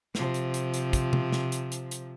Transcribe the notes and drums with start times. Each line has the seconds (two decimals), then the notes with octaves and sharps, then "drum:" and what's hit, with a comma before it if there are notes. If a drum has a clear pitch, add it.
0.15 C3 F3, drum: snare
0.34 drum: hi-hat
0.54 drum: hi-hat
0.74 drum: hi-hat
0.93 drum: kick, hi-hat
1.13 drum: tom B2
1.32 drum: snare
1.52 drum: hi-hat
1.72 drum: hi-hat
1.91 drum: hi-hat